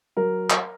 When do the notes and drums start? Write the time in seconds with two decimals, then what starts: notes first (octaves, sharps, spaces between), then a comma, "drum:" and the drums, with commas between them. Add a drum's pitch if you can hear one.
0.17 F#3 A#4
0.50 drum: clap